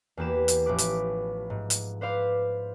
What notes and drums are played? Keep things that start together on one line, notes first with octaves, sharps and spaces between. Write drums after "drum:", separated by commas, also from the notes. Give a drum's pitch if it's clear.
E2 A#3 G4 B4 E7
drum: hi-hat
A1 F3 B4 D6
drum: hi-hat
G#2
drum: hi-hat
B4 C5 D5 F5 C6